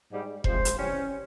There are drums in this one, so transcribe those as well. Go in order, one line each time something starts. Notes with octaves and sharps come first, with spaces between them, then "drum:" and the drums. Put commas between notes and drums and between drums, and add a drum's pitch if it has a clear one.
G#2 G3
C3 F3 G#3 C5, drum: kick E1
drum: hi-hat
C3 E3 G3 C#4